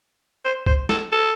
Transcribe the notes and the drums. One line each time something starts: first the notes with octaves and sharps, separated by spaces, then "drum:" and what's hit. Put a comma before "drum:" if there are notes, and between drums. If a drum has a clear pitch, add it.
C5
C5, drum: kick C#2
A4, drum: snare
A4